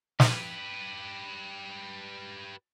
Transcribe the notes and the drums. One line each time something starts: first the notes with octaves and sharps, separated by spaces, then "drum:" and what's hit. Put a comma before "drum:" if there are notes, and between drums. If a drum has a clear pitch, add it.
G4 B4, drum: snare